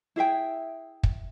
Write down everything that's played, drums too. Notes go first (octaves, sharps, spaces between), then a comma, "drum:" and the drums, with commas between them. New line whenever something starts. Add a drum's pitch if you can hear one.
E4 G#4 E5 G5
drum: kick